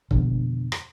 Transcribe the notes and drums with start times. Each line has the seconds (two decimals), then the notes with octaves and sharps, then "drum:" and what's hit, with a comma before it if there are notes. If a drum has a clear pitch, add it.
0.11 F2 B2 D3, drum: kick C#1
0.72 drum: rim click